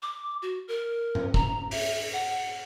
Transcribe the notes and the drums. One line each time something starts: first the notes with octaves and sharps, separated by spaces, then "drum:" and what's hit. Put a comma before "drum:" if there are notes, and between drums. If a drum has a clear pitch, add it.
D6
F#4
A#4
drum: tom G#2
A#5, drum: kick
E5, drum: open hi-hat
F#5